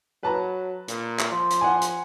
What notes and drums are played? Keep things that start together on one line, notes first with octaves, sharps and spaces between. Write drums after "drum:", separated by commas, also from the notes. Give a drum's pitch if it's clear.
F#3 B4 A5 A#5
A#2, drum: hi-hat
drum: clap
F3 C6
drum: hi-hat
F#5 G#5
drum: hi-hat